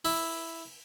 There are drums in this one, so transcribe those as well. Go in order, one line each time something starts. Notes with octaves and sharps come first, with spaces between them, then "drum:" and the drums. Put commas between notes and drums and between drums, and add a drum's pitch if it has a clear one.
E4, drum: open hi-hat